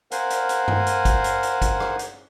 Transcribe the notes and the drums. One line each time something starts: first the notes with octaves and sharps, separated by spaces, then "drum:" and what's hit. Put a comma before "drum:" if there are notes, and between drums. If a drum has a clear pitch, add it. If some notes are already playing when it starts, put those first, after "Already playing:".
A#4 C5 F5 F#5 G#5, drum: hi-hat
drum: hi-hat
drum: hi-hat
drum: tom G2
drum: hi-hat
drum: kick, hi-hat
drum: hi-hat
drum: hi-hat
drum: kick, hi-hat
drum: rim click
drum: hi-hat